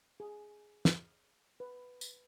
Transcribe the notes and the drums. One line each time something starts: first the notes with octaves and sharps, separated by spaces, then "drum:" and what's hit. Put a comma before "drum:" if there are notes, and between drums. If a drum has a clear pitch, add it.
G#4
drum: snare
B4
drum: tambourine